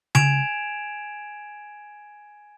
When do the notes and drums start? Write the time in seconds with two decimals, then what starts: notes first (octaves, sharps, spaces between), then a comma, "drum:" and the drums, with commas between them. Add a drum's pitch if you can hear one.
0.15 G#5 G#6 D7 E7 F7, drum: tom C#3